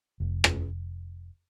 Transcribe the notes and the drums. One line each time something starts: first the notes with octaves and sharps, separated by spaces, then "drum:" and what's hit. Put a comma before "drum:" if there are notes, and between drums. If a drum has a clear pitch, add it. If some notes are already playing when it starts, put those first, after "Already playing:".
F1
drum: rim click